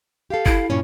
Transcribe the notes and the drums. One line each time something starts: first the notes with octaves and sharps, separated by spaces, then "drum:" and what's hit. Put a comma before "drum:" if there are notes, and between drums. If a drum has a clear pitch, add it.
G4 A4 F5
E4, drum: kick F#1
G2 A#2 C#4 C#6